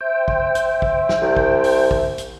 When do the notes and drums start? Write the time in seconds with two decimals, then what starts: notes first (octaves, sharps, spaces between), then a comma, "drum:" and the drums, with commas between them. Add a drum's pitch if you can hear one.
0.01 C5 E5 G5
0.28 drum: kick
0.55 drum: hi-hat
0.82 drum: kick
1.09 drum: snare
1.21 C2
1.36 drum: kick
1.64 drum: open hi-hat
1.91 drum: kick
2.18 drum: hi-hat